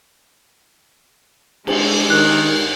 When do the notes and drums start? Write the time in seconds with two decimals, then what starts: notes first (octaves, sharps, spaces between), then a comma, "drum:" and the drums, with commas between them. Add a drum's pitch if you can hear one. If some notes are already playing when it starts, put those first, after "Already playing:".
1.67 G#3 D4 G4, drum: cymbal
2.10 D#3 F#6